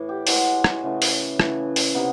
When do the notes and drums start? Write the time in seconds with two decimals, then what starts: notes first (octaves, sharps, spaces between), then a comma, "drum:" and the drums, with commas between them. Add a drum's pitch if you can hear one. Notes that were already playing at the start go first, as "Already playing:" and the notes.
Already playing: A2 E3
0.09 G4
0.27 A2 E3 G#3 F#4, drum: open hi-hat
0.64 drum: rim click
0.83 C#3 E3 A3
1.02 drum: open hi-hat
1.40 C#3 E3 A3 C#4, drum: rim click
1.76 drum: open hi-hat
1.94 C3 D#3 B3